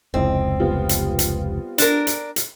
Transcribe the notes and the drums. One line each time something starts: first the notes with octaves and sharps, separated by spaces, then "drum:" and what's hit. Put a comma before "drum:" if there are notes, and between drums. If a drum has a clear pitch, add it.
F1 C#2 C4 E4 D#5
G3 B3 F4
drum: hi-hat
drum: hi-hat
D4 A#4, drum: hi-hat
drum: hi-hat
drum: hi-hat